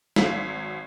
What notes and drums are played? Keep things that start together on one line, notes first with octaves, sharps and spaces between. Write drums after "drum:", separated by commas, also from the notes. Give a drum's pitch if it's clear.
G#1 F#3 B6, drum: snare